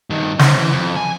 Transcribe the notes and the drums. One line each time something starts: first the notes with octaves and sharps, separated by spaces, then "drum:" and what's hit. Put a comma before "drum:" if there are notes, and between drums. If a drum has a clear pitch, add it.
G2 D#3
C#4 C5, drum: snare
E3
F2
G#5